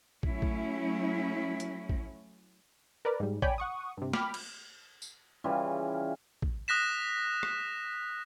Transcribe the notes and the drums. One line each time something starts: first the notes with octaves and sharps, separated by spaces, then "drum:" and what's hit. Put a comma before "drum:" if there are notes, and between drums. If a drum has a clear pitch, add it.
F#3 A3 C#4 E4, drum: kick
drum: kick
drum: hi-hat
drum: kick
A#4 B4 D5
G#2 G3
C#5 D5 G5 G#5 B5, drum: kick
F#5 C#6 D#6
G2 C3
G5 B5 D6 F6, drum: snare
drum: cymbal
drum: tambourine
C#3 E3 G3 F4
drum: kick
D#6 F#6 A#6 B6 E7
drum: rim click